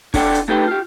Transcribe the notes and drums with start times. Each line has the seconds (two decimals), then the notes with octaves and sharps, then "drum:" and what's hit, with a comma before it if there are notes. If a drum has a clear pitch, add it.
0.14 D4 E4 A4 D5 F#5 G5, drum: kick, open hi-hat
0.34 drum: hi-hat
0.48 A3 D#4 G4 A4 B4 G5
0.68 F4 G4